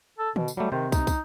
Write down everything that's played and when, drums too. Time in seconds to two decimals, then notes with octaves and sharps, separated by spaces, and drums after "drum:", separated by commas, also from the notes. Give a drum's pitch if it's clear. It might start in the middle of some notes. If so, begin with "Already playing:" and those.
0.19 A4
0.36 B2, drum: tom D3
0.48 drum: tambourine
0.57 F#3 G3 A3
0.72 C3 D#3 C5
0.92 D#4, drum: kick, tambourine
1.07 drum: kick, tambourine